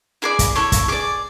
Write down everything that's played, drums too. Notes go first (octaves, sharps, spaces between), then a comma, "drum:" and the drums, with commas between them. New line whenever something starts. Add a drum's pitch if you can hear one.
E4 G#4 D5 B5
drum: kick, hi-hat
E4 A4 C#5
drum: kick, hi-hat
G#4 D5 D6